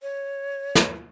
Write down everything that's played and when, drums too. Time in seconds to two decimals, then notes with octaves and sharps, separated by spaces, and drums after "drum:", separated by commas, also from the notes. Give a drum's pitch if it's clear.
0.02 C#5
0.75 drum: snare